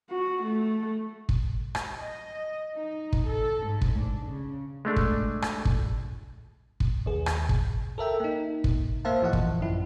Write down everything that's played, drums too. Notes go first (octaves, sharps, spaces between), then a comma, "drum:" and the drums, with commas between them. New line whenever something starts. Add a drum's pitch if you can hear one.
F#4
A3
drum: kick
drum: rim click
D#5
D#4
drum: kick
A4
G#2
drum: kick
D4
C#3
G#3 A3 D4
drum: kick
drum: rim click
drum: kick
drum: kick
D#2 G#4
drum: rim click
drum: kick
A4 A#4 E5 G5
A#3 D#4
drum: kick
A#3 C5 E5 F5 A5
A1 E3 F3 D#5 F#5
drum: kick
F#2 E4